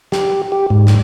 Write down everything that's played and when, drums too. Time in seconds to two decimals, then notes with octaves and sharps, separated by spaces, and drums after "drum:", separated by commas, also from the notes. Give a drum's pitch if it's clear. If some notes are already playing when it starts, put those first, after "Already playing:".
0.12 G4, drum: snare
0.52 G4
0.70 G#2
0.87 drum: snare